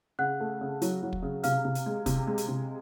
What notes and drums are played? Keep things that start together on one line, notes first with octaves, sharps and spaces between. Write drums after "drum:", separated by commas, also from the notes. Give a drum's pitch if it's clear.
C#3 F#5 F#6
A3
C#3
F#3, drum: hi-hat
F#3
drum: kick
C#3
C3 F5 F6, drum: hi-hat
C3
drum: hi-hat
G#3
C3, drum: kick, hi-hat
G#3
drum: hi-hat
C3